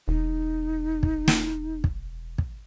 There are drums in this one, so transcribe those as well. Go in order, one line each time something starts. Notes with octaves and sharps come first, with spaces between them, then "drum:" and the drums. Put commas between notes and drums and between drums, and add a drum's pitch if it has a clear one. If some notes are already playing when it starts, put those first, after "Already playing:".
E1 D#4
drum: kick
drum: snare
drum: kick
drum: kick